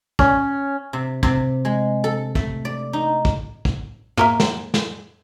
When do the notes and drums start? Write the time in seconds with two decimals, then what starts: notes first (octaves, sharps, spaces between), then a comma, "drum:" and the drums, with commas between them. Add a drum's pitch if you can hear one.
0.19 C#4, drum: kick
0.93 C3
1.23 C3, drum: kick
1.65 G#3
2.04 A4
2.35 A3, drum: kick
2.65 D5
2.93 D#4
3.25 drum: kick
3.65 drum: kick
4.17 A#3 A#4 E5, drum: tom
4.40 drum: snare
4.74 drum: snare